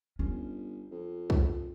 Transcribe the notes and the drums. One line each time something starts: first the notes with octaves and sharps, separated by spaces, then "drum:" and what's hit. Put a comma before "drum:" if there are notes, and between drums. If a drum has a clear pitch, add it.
G1 C#4
F2
drum: kick